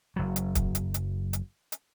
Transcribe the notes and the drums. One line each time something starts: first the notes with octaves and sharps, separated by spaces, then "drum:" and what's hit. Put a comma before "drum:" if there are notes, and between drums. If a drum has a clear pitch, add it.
F#1 F#3
drum: hi-hat
drum: kick, hi-hat
drum: hi-hat
drum: hi-hat
drum: hi-hat
drum: hi-hat